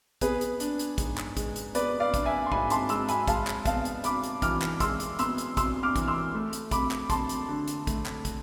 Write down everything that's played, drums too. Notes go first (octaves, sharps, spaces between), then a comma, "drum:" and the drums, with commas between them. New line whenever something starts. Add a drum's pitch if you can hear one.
B3 G#4 B4, drum: kick, hi-hat
drum: hi-hat
D4, drum: hi-hat
drum: hi-hat
G#2, drum: kick, hi-hat
drum: clap
G#3, drum: kick, hi-hat
drum: hi-hat
B3 B4 D5, drum: hi-hat
D5 F5
D4, drum: kick, hi-hat
E5 G#5
C6
G#2 G#5 B5, drum: kick
A5 C6, drum: hi-hat
G#3 C6 E6, drum: hi-hat
G#5 B5, drum: hi-hat
G#3 F5 A5, drum: kick, hi-hat
drum: clap
B3 F5 A5, drum: kick, hi-hat
drum: hi-hat
C3 B5 D6, drum: hi-hat
drum: hi-hat
E3 D6 F6, drum: kick, hi-hat
drum: clap
G#3 C6 E6, drum: kick, hi-hat
drum: hi-hat
B3 C6 E6, drum: hi-hat
drum: hi-hat
C3 C6 E6, drum: kick, hi-hat
D6 F6
E3, drum: kick, hi-hat
C6 E6
A3
drum: hi-hat
F2 B5 D6, drum: kick, hi-hat
drum: clap
F2 A5 C6, drum: kick, hi-hat
drum: hi-hat
D3
drum: hi-hat
A3, drum: kick, hi-hat
drum: clap
drum: kick, hi-hat